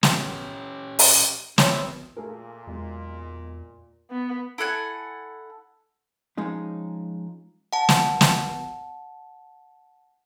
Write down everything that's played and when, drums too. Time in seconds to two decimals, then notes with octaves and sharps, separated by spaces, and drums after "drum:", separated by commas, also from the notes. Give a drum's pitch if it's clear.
0.03 C#4 G4 F#5, drum: snare
0.99 drum: open hi-hat
1.58 C4 E4 C#5 D6 D#6, drum: snare
2.17 A#2 A3 G#4 A#4
2.67 B1 E2 G#3
4.11 B3
4.58 E4 A4 F#5 G#5
6.37 F3 G#3 C#4 D#4
7.73 F#5 A5
7.89 drum: snare
8.21 drum: snare